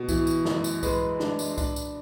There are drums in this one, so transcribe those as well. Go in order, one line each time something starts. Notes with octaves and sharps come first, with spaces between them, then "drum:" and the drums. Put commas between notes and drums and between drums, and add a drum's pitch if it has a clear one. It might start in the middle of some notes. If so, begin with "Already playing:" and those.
Already playing: B2
E3, drum: kick C2, tambourine
drum: tambourine
F#2, drum: snare
drum: tambourine
G#3 B4, drum: kick C2, tambourine
D4, drum: snare
drum: tambourine
D4, drum: kick C2, tambourine
drum: tambourine